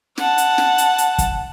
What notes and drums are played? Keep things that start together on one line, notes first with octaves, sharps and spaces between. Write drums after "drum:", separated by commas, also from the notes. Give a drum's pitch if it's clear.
F#5 A5, drum: snare
drum: hi-hat
drum: snare
drum: hi-hat
drum: hi-hat
drum: kick, hi-hat